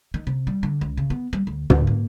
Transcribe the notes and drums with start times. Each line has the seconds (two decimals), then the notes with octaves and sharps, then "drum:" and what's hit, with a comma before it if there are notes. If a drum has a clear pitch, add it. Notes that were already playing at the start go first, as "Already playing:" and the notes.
0.14 D#3
0.27 C3
0.47 G3
0.63 D3
0.81 C#2
0.97 C#3
1.10 B3
1.33 G3
1.47 D2
1.70 D2, drum: tom
1.87 A#3